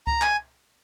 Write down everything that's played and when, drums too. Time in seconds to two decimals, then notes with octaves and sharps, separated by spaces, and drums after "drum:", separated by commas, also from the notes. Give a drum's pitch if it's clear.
0.07 A#5, drum: kick C2
0.21 G#5, drum: clap